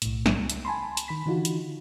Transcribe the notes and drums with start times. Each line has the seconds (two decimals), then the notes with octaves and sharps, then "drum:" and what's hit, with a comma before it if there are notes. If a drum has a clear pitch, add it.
0.02 B1 A2, drum: hi-hat
0.26 drum: snare
0.38 C#2
0.50 drum: hi-hat
0.65 G#5 A5 B5 C6
0.97 drum: hi-hat
1.08 D#3 B5 B6
1.26 D3 E3 D#4 F4 F#4
1.45 drum: hi-hat